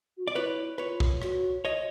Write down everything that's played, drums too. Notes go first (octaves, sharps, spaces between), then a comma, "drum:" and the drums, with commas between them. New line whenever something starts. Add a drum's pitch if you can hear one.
F#4
F4 D5
E4 B4 C#5
F4 B4 C#5
drum: kick B1
F#4, drum: rim click
C#5 D#5